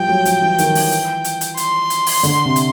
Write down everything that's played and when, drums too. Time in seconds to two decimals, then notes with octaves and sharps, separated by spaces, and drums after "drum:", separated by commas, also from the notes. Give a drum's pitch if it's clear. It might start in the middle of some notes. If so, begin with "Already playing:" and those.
Already playing: F3 G3 G5
0.09 F#3
0.25 F3, drum: hi-hat
0.42 E3
0.58 D#3, drum: hi-hat
0.75 E3, drum: open hi-hat
0.92 drum: hi-hat
1.24 drum: hi-hat
1.41 drum: hi-hat
1.57 C6, drum: hi-hat
1.90 drum: hi-hat
2.06 drum: open hi-hat
2.23 D3, drum: hi-hat
2.45 C3
2.56 drum: hi-hat